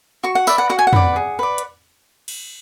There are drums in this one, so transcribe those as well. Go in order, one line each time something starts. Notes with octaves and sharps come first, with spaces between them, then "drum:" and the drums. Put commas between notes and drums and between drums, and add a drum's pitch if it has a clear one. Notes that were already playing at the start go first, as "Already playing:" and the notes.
F#4 C#6
F#5
B4 D5 E5, drum: tambourine
F#5
F#4 F#5
G#5
F#5
B4 D5, drum: tom
G#4
B4 D5
drum: hi-hat
drum: cymbal